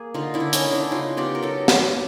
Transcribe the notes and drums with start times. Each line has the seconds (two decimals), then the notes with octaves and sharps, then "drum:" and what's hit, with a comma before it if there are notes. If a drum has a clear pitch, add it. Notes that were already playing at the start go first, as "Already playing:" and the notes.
Already playing: A#3 G#4
0.14 D3 D#4 F4
0.34 D4 E4
0.40 D3
0.53 C#4 D#4, drum: hi-hat
0.66 D3
0.72 D4 E4
0.91 C#3 D#4 F4
1.17 B3 F4 G4
1.35 A#4
1.42 F#3 G4 A4
1.68 B3, drum: snare